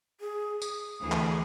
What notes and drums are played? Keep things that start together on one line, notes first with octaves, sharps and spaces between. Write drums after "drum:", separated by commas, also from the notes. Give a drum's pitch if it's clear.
G#4
D#6, drum: tambourine
D2 E3 G#4
drum: clap